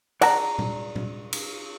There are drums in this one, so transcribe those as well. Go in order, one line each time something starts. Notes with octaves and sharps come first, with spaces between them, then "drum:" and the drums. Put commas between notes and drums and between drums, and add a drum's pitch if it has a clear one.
D5 F#5 A5 A#5, drum: cymbal
drum: tom A#2
drum: tom A#2
drum: cymbal